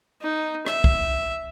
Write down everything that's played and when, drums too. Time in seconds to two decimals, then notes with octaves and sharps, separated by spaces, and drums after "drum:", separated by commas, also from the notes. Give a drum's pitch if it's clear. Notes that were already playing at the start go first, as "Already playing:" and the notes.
0.21 D#4
0.66 E5, drum: rim click
0.84 drum: kick